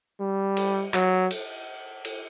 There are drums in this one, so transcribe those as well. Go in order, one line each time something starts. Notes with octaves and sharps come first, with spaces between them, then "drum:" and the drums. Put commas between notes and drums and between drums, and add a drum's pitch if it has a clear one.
G3
drum: cymbal
F#3, drum: clap
drum: cymbal
drum: cymbal